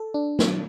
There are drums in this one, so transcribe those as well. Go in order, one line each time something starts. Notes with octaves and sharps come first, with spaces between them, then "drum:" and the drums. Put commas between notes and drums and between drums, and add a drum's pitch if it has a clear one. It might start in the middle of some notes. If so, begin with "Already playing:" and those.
Already playing: A4
D4
F#3, drum: snare